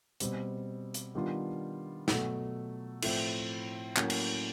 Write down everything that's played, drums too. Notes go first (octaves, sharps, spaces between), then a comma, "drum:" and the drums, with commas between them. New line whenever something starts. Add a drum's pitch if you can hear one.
B2 G3 C4, drum: hi-hat
drum: hi-hat
D#3 G3 B3 D4 F4
B2 F#3 A3, drum: snare
A2 F3 A3 C4 E4, drum: cymbal
A2 F#3 A#3 C#4, drum: clap
drum: cymbal